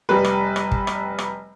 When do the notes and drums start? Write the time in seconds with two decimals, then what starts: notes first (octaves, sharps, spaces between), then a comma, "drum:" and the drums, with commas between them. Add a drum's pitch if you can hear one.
0.09 F1 G3 B4
0.24 drum: rim click
0.56 drum: rim click
0.71 drum: kick
0.87 drum: rim click
1.18 drum: rim click